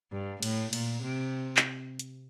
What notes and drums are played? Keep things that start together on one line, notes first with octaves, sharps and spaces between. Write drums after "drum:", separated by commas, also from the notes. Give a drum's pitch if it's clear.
G2
A2, drum: cymbal
A#2, drum: cymbal
C3
drum: clap
drum: hi-hat